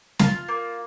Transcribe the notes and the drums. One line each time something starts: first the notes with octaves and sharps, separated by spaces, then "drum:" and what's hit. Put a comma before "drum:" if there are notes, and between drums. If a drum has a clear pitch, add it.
F4, drum: snare
A#3